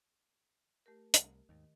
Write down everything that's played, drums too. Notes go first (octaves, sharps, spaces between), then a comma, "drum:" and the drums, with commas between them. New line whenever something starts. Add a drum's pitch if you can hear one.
A3 G4 A#4
C2, drum: hi-hat
D#2 G#2 D#3